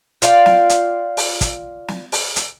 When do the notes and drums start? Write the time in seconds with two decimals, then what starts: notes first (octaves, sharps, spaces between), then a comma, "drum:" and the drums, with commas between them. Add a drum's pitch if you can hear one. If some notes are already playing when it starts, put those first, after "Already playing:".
0.22 F4 D5 F5 G5, drum: hi-hat
0.46 drum: snare
0.69 drum: hi-hat
1.17 drum: open hi-hat
1.41 drum: kick, hi-hat
1.88 drum: snare
2.12 drum: open hi-hat
2.36 drum: hi-hat